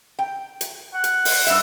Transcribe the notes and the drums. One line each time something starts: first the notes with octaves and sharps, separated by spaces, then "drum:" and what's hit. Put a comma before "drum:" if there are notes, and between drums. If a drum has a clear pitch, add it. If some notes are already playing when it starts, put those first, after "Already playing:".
G5
drum: hi-hat
F#5
drum: hi-hat
drum: open hi-hat
G2 E5, drum: hi-hat